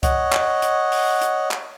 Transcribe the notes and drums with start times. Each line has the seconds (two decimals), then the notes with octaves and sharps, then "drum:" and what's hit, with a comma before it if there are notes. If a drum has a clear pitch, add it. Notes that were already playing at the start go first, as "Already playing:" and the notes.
0.03 C#5 D#5 F#5, drum: kick C2, hi-hat
0.33 drum: clap
0.62 drum: hi-hat
0.92 drum: open hi-hat
1.21 drum: hi-hat
1.51 drum: clap